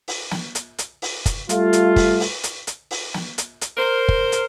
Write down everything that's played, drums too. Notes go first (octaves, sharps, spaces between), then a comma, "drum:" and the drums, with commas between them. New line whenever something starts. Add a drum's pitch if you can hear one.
drum: open hi-hat
drum: snare
drum: hi-hat
drum: hi-hat
drum: open hi-hat
drum: kick, hi-hat
G3 A3 F4, drum: hi-hat
drum: hi-hat
drum: kick, open hi-hat
drum: open hi-hat
drum: hi-hat
drum: hi-hat
drum: open hi-hat
drum: snare
drum: hi-hat
drum: hi-hat
A#4 C5
drum: kick
drum: hi-hat